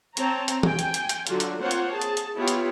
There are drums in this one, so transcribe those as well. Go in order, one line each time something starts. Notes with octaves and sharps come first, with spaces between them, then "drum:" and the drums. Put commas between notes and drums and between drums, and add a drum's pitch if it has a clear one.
C4 C#5 A5 A#5, drum: hi-hat
drum: hi-hat
G5 G#5, drum: tom E3
drum: hi-hat
drum: hi-hat
drum: hi-hat
D3 F#3 F4 F#4, drum: hi-hat
drum: hi-hat
A#3 C4 F4 C5 C#5 F#5
drum: hi-hat
G#4 A5
drum: hi-hat
drum: hi-hat
B3 E4 F4 G4 C#5
drum: hi-hat